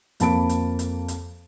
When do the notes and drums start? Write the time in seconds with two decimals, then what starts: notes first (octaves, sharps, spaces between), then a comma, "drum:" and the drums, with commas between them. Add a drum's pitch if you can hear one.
0.20 F2 A#3 A5 B5 D7, drum: hi-hat
0.49 drum: hi-hat
0.79 drum: hi-hat
1.08 drum: hi-hat